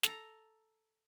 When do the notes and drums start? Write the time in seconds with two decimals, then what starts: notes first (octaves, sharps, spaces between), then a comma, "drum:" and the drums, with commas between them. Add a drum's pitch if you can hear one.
0.03 A4 A#5, drum: snare